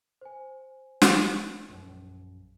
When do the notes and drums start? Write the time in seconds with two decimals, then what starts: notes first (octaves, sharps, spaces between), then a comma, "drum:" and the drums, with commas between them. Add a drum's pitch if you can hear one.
0.21 C5 G#5
1.02 drum: snare
1.69 A#1 F#2